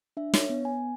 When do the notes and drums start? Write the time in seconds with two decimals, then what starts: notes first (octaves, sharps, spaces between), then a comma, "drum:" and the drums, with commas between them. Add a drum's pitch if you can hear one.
0.17 D4 E5
0.34 C#5, drum: snare
0.49 B3
0.65 G#5